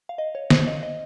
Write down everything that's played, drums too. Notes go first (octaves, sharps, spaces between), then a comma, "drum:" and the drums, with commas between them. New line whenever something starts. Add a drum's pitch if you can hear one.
F5
D#5
C#5
C5, drum: snare
D#5
D#5